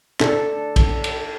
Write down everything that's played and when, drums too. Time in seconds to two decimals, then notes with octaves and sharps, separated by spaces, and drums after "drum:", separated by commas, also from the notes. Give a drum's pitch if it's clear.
0.20 D4 A4, drum: clap
0.76 drum: kick, cymbal
1.04 drum: cymbal